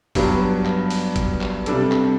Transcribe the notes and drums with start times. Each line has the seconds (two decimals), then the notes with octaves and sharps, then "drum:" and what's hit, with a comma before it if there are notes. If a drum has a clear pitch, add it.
0.15 G2 F#3 B3 D4 G4, drum: kick, open hi-hat
0.65 drum: clap
0.90 drum: open hi-hat
1.16 drum: kick, hi-hat
1.41 drum: clap
1.66 C3 G3 D4 A4, drum: hi-hat
1.91 drum: clap